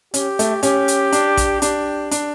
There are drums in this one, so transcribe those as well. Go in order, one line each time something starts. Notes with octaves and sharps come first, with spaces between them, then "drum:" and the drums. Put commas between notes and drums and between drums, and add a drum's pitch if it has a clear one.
C#4 G4, drum: hi-hat
A3, drum: hi-hat
C#4 G4, drum: hi-hat
drum: hi-hat
D4, drum: hi-hat
drum: kick, hi-hat
D4 G4, drum: hi-hat
D4, drum: hi-hat